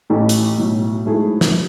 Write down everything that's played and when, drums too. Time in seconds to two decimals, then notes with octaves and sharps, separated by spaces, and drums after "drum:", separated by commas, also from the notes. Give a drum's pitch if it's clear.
0.10 A1 A2 E3 A3
0.29 drum: hi-hat
0.58 B1 A2 F#3
1.05 G#2 F#3 A3 E4 G#4
1.41 drum: snare